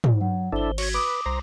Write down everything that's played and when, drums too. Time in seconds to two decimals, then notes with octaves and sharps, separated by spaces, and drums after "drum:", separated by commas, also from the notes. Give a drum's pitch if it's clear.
0.04 drum: tom
0.21 F#3 F#5
0.52 G#1 D4 E4 A4 C5 G7
0.78 F#4 C#5 G#6, drum: cymbal
0.94 B4 D6 D#6 D7
1.26 C2 C5 A#5